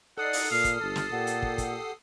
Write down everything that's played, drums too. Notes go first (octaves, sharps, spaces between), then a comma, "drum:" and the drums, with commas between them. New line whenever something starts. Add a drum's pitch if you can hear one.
D#4 A4 D5 F#5 D#6 C7
drum: open hi-hat
A#2 F5 F6
drum: kick, hi-hat
G1 A5
drum: snare
A#2 G4 F#5
drum: hi-hat
drum: kick
drum: kick, hi-hat